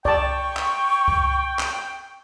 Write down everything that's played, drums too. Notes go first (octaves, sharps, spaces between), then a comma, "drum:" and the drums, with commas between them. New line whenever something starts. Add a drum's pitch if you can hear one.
D5 G5 A5 C#6, drum: kick C2
drum: clap
drum: kick C2
drum: clap